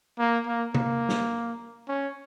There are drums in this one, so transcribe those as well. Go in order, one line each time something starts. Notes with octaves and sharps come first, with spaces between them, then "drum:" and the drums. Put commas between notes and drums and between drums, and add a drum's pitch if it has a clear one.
A#3
A#3
A#3, drum: tom C3
drum: snare
C#4